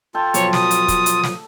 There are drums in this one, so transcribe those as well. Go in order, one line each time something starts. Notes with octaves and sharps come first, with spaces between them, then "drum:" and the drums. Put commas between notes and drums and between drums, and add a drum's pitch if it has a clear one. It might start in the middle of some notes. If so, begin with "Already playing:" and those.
F4 A4 G5
B2 F3 F#3 C#5, drum: hi-hat
D#6, drum: snare
drum: hi-hat
drum: kick, hi-hat
drum: hi-hat
drum: snare